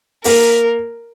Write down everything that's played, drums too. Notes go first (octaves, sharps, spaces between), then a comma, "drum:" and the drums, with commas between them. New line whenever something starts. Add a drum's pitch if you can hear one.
A#3 A#4, drum: open hi-hat